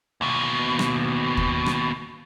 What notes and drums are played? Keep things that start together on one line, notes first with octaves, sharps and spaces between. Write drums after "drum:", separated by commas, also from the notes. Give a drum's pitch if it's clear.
D#2 B2
drum: rim click
drum: kick
drum: rim click